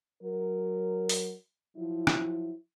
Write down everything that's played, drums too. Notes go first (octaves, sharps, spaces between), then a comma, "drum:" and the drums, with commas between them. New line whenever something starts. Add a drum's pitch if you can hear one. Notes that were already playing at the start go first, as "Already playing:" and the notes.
F#3 A#4
drum: open hi-hat
F3 F#3 E4
drum: rim click